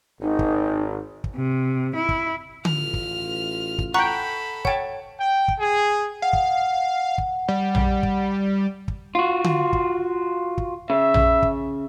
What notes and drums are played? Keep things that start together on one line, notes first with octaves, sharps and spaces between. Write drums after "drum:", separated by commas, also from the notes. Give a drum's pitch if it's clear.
G#1 D#4
drum: kick
drum: kick
C3
E4
drum: kick
A1 F4 F6, drum: tom D3
drum: kick
drum: kick
A4 F#5 G5 A#5 B5 C#6 F#6
C#5 F#5 G5 A5, drum: kick
G5
drum: kick
G#4
F5 F#5
drum: kick
drum: kick
G3
drum: tom A#1
drum: kick
drum: kick
F4 F#4
drum: tom D3
drum: kick
drum: kick
C#3 E5
drum: tom A#1
drum: kick